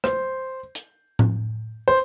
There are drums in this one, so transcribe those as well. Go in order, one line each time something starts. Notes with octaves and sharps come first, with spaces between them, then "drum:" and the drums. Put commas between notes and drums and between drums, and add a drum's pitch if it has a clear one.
C5, drum: rim click
drum: hi-hat
drum: tom A2
C5